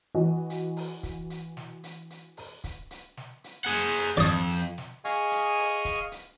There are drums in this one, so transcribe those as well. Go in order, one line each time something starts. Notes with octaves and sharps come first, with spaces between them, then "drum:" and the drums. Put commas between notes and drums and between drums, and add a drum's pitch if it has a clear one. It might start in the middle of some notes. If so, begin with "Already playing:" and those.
E3 F#4 D#5
drum: hi-hat
drum: open hi-hat
drum: kick, hi-hat
drum: hi-hat
drum: snare
drum: hi-hat
drum: hi-hat
drum: open hi-hat
drum: kick, hi-hat
drum: hi-hat
drum: snare
drum: hi-hat
G#4 F#5
drum: open hi-hat
F2 D5 D#6
drum: hi-hat
drum: snare
G#4 D#5 F5 G#5 C#6, drum: hi-hat
drum: hi-hat
drum: open hi-hat
drum: kick, hi-hat
drum: hi-hat